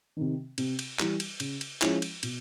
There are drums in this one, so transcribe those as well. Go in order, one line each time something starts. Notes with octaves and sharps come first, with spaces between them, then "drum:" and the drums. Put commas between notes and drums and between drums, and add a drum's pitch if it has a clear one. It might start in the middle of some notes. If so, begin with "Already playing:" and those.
C3 D#3
C3, drum: cymbal
drum: cymbal
E3 G3, drum: clap
drum: cymbal
C#3, drum: cymbal
drum: cymbal
F3 G#3 C#4 E4, drum: clap
drum: cymbal
B2, drum: cymbal